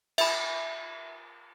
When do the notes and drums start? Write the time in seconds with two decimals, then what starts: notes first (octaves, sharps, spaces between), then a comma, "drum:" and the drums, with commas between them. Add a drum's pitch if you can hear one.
0.18 E5 B5, drum: cymbal